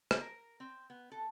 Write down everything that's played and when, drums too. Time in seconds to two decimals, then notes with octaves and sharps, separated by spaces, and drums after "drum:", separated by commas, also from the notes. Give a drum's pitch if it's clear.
0.11 drum: rim click
0.20 A#4
0.60 C4
0.90 B3
1.12 A4